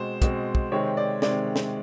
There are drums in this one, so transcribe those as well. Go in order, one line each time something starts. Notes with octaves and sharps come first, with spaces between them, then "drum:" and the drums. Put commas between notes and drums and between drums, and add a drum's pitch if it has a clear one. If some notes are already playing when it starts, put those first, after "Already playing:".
Already playing: B2 G#3 C4 C5
B2 G#3 C4, drum: kick, hi-hat
drum: kick
C3 D#3 G#3 C4 C#5
D5
C3 D#3 G#3 C4 D5, drum: snare
drum: snare